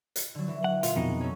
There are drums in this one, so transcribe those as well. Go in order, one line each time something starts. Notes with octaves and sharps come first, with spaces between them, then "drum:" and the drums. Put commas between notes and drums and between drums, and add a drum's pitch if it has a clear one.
drum: hi-hat
D3 F#3
E3
F#5
A#2 F4, drum: hi-hat
F2 B2 G#3 D#4
C#4 A4